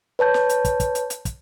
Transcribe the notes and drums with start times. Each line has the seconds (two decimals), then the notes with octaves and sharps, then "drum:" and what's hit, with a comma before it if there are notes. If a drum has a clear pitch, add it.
0.19 B4 C#5 A5 G6
0.34 drum: snare
0.49 drum: hi-hat
0.65 drum: kick, hi-hat
0.80 drum: kick, hi-hat
0.95 drum: hi-hat
1.10 drum: hi-hat
1.25 drum: kick, hi-hat